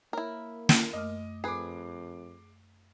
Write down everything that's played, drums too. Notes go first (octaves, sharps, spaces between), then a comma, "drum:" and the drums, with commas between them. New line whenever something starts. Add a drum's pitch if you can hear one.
A#3 E4 A#4 C#5
drum: snare
F#2 A3 D#5 D6 F6
F2 G#4 B4 D6 C7